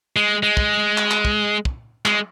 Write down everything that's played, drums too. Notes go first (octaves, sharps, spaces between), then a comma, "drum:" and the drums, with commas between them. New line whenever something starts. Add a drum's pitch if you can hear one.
G#3
G#3
drum: kick
drum: clap
drum: clap
drum: kick
drum: kick
G#3, drum: clap